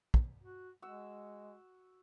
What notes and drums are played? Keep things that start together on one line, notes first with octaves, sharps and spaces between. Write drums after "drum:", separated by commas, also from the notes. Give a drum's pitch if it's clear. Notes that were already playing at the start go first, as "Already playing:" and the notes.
drum: kick
F#4
G#3 F#4 E6